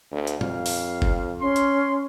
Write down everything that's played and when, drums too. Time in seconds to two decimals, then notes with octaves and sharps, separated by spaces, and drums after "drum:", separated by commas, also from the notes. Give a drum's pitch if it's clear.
0.11 D2
0.27 drum: hi-hat
0.41 F2 F5, drum: tom A#2
0.66 drum: open hi-hat
1.02 drum: kick F#1
1.41 C#4 C6
1.56 drum: hi-hat